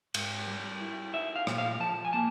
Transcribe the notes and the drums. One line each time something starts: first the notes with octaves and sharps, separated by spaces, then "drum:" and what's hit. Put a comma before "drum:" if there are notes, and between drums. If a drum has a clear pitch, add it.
G#2, drum: cymbal
G3
E4
D#4 E5
F5
A#2, drum: rim click
F5
F3 A5
G#5
A#3 A5